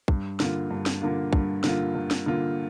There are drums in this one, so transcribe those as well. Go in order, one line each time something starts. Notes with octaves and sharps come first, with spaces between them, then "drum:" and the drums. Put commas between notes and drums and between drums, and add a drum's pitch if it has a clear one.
G2, drum: kick
D3 A#3 F4, drum: snare
G2
drum: snare
D3 A#3 F4
G2, drum: kick
D3 A#3 F4, drum: snare
G2
drum: snare
D3 A#3 F4